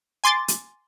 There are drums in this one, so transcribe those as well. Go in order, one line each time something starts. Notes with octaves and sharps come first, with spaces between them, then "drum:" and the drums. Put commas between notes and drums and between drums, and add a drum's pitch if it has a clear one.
G#5 C6 D6 A6
drum: hi-hat